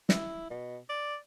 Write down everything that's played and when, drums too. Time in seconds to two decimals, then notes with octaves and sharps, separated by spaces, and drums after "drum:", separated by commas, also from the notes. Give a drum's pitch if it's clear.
0.09 E4, drum: snare
0.50 B2
0.89 D5